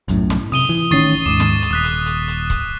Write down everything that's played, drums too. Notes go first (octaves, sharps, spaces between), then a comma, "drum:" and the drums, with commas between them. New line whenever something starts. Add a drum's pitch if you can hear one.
B1 F#2 A2, drum: hi-hat
drum: snare
C3 D#6 D#7 G7, drum: open hi-hat
E3
A1 D#3 C#4 C#6 A6 C7
D#2 G#2 D6 E7
drum: snare
drum: hi-hat
D#1 D#6 F#6 B6
drum: hi-hat
drum: hi-hat
drum: hi-hat
drum: kick C#1, hi-hat